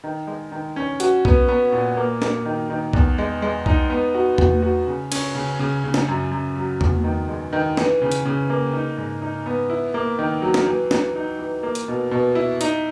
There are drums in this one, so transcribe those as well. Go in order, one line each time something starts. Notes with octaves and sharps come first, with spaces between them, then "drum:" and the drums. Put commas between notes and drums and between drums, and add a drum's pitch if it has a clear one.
D#3
G#3
D#3
C#4
F#4, drum: hi-hat
B3, drum: kick B1
B3
A#2
A#3
A#3, drum: snare
D#3
D#3
E2, drum: kick B1
G#3
G#3
D#4, drum: kick B1
B3
F#4
F#4, drum: tom E2
F#4
C#3
C#4, drum: cymbal
C#3
C#3
C#3
drum: snare
F#2
F#2
F#3
E2, drum: tom E2
D#3
G#3
D#3
E3, drum: snare
C#3
drum: hi-hat
C#3
A#3
D#4
G#2
D#4
B3
E4
A#3
D#3
F#3
drum: snare
E3
E3, drum: snare
D#4
E3
A#3
drum: hi-hat
B2
B2
E4
D#4, drum: hi-hat